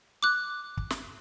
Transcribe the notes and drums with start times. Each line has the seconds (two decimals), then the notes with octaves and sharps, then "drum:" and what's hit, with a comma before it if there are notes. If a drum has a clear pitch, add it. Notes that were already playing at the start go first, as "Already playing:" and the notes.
0.23 D6 F#6
0.77 drum: kick
0.90 drum: snare